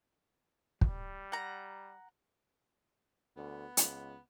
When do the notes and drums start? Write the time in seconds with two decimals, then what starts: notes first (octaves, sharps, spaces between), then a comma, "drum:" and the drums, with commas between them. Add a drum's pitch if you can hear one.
0.81 G3, drum: kick
1.32 F#5 A#5
3.37 D2 B3
3.77 C#2, drum: hi-hat